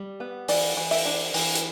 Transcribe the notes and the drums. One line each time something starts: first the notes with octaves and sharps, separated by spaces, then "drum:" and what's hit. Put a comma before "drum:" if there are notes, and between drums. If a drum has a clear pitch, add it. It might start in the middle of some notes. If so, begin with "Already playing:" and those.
Already playing: G3
B3
E3 D5, drum: open hi-hat
E3
E5, drum: open hi-hat
D4
E3, drum: open hi-hat
drum: hi-hat